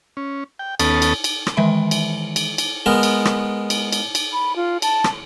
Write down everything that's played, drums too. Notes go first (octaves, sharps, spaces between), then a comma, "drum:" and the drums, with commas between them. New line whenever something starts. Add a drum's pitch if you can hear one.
C#4
G5
D#2 B3 C#4 A4 A5 D#6, drum: cymbal
drum: cymbal
drum: cymbal
drum: rim click
D#3 E3 G#3 E5 B5 D7
drum: cymbal
drum: cymbal
drum: cymbal
G#3 B3 A#4
drum: cymbal
drum: rim click
drum: cymbal
drum: cymbal
drum: cymbal
B5
F4
A5, drum: cymbal
drum: rim click